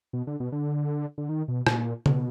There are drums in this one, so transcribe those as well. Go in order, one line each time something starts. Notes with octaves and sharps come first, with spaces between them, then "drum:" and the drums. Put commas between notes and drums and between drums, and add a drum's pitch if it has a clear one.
B2
D3
B2
D3
D3
D#3
B2
A#2, drum: rim click
B2, drum: tom C#3